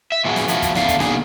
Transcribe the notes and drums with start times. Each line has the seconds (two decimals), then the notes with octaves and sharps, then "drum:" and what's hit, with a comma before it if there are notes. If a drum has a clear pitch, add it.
0.12 E5
0.25 A#2 E3 G#3 A3 F#4 G#4
0.36 drum: snare
0.48 F3 E4 F#4, drum: hi-hat
0.62 drum: kick, hi-hat
0.75 E2 D3 A3 F5, drum: snare
0.88 drum: kick, hi-hat
1.00 B2 D3 A#3 D#4 G#4, drum: snare